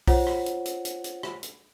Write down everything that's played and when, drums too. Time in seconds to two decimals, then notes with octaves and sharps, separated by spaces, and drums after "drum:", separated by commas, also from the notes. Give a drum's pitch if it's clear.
0.07 F4 C5 C#5 F#5, drum: kick B1, open hi-hat
0.27 drum: rim click
0.46 drum: hi-hat
0.65 drum: hi-hat
0.85 drum: hi-hat
1.04 drum: hi-hat
1.23 drum: rim click
1.43 drum: hi-hat